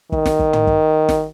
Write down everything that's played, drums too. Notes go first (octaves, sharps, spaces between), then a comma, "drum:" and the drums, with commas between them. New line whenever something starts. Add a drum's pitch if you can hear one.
D#3, drum: kick
drum: snare
drum: kick
drum: tom
drum: kick
drum: snare